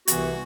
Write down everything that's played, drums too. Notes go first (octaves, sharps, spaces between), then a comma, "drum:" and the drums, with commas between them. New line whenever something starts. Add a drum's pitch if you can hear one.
C2 C3 E3 B3 F#4, drum: hi-hat